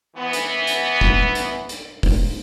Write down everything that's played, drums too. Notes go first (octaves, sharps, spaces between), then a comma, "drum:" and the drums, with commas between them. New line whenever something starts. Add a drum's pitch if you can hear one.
E3 B3
drum: hi-hat
drum: hi-hat
drum: kick
drum: hi-hat
drum: hi-hat
drum: kick, open hi-hat